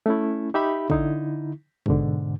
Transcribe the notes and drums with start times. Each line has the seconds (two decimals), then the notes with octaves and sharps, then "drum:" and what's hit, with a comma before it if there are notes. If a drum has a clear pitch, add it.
0.06 A3 C#4 E4
0.54 D#4 G4 E5 B5
0.90 D3 D#4 E4, drum: kick
1.86 G#2 B2 D3, drum: kick